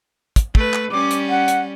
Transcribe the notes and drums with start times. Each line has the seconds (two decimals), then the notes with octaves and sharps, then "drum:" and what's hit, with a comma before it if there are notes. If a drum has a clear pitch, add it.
0.36 drum: kick, hi-hat
0.55 A3 B4, drum: kick
0.73 drum: clap
0.91 G3 C#4 D6
1.11 drum: hi-hat
1.29 F#5
1.48 drum: hi-hat